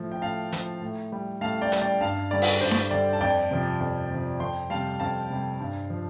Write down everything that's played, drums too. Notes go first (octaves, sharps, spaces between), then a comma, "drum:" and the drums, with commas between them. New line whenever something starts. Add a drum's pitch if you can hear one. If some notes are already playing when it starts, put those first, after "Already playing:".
Already playing: A2 F3
G5
A2 F5 A5
F3, drum: hi-hat
A2
G3
A2 F5 A5
D5 G5
G3, drum: hi-hat
D5 G5
G2 F5 A5
D3 G3 D5
drum: open hi-hat
G2 C5
drum: snare D4
D3 G3 D5
A5
F2 D5 G5
C3 F3
F2
C3 F3
F2 G5 C6
C3 G3 F5 A5
F2 F5 A5
C3 G3
G2
F3